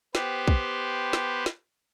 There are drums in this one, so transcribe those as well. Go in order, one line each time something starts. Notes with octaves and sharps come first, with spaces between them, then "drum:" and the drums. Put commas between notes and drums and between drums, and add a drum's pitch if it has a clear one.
B3 G4 B4 C5, drum: snare
drum: kick
drum: snare
drum: snare